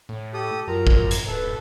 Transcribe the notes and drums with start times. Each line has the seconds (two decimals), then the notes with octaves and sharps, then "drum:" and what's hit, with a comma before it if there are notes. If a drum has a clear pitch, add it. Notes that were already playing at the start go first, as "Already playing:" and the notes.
0.09 A2
0.34 G4 A4 D#6
0.68 F#2 F4 A#4 A#5
0.87 drum: kick
1.11 drum: hi-hat
1.28 D1 A4 B4